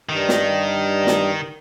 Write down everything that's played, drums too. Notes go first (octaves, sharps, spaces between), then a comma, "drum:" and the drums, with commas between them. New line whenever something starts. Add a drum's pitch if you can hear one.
G2 D#3
drum: snare
drum: snare